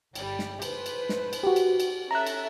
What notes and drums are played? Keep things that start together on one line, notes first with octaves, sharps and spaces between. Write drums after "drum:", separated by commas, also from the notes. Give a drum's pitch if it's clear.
G1 G3, drum: cymbal
drum: snare
B4 C5, drum: cymbal
drum: cymbal
drum: snare
drum: cymbal
F#4 G4
drum: cymbal
drum: cymbal
C#4 A4 E5 A#5 F#6
drum: cymbal